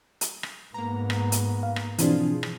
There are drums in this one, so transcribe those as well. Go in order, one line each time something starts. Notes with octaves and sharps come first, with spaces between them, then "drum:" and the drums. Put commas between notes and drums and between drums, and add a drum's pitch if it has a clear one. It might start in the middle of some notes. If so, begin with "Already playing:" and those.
drum: hi-hat
drum: rim click
G#2 A#3 B3 A#5
drum: rim click
drum: hi-hat
F5
drum: rim click
B2 E3 F3 C4 D4 F4 G#4, drum: hi-hat
drum: rim click